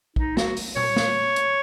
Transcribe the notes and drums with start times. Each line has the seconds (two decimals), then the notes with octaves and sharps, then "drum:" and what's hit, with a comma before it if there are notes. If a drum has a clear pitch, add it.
0.16 D#4, drum: kick
0.37 F#4, drum: snare
0.57 drum: open hi-hat
0.76 C#5, drum: tom A#2
0.96 drum: snare
1.36 drum: hi-hat